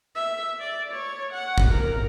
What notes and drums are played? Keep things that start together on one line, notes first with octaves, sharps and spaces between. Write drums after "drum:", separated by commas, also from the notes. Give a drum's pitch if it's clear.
E5
D5
C#5
F#5
drum: kick
A#4